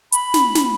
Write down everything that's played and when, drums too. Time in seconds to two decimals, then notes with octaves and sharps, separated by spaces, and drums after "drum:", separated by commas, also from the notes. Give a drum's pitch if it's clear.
0.12 B5, drum: hi-hat
0.34 drum: snare
0.55 drum: snare